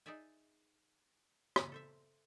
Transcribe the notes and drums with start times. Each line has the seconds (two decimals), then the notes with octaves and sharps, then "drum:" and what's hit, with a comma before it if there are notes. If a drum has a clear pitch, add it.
0.06 D#4 G#4 D5 E5 G#5
1.56 drum: rim click
1.72 A4 C5 E5